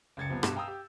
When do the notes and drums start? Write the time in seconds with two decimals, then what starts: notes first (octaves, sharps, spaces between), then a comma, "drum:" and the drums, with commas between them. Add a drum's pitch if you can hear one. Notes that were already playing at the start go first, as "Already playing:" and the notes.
0.17 F#1 C#2 G#6 A6 C#7
0.30 C3 F3 G3 B3
0.43 G2 B2 E7, drum: rim click
0.55 F5 G5 A#5 D#6 E6
0.68 G4